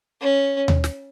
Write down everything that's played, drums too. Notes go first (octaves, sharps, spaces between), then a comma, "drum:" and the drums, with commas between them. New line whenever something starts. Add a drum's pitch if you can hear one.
C#4
drum: tom D#2
drum: snare